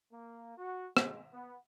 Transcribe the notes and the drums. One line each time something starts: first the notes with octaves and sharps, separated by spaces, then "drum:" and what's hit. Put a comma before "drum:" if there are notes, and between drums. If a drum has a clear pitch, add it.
A#3
F#4
G#3, drum: rim click
B3